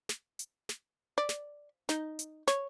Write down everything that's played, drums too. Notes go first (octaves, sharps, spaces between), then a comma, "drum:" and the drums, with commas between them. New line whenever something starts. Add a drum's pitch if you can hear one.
drum: snare
drum: hi-hat
drum: snare
D5
drum: snare
D#4, drum: snare
drum: hi-hat
C#5, drum: snare